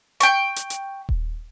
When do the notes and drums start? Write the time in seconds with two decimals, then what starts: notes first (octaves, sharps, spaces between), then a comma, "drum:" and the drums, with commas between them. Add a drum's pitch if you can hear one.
0.20 G5 C#6, drum: hi-hat
0.56 drum: hi-hat
0.70 drum: hi-hat
1.09 drum: kick D#1